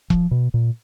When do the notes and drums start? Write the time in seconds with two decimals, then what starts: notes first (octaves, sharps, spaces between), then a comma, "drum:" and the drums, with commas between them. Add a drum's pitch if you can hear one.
0.10 F3, drum: kick E1
0.31 B2
0.54 A#2